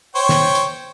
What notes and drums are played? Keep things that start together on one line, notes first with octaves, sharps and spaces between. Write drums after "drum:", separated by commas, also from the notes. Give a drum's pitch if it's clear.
C5 C#5 G5
drum: snare
drum: hi-hat